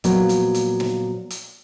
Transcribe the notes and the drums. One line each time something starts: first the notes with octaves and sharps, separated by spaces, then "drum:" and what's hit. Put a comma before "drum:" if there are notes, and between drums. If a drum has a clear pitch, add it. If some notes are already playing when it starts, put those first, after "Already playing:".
A#2 F3 F#3 A#3 B3 F#4, drum: hi-hat
drum: hi-hat
drum: hi-hat
drum: snare
drum: hi-hat